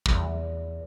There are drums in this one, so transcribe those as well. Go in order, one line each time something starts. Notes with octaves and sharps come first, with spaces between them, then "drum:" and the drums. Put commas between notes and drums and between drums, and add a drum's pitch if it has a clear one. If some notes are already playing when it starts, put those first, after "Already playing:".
E2, drum: kick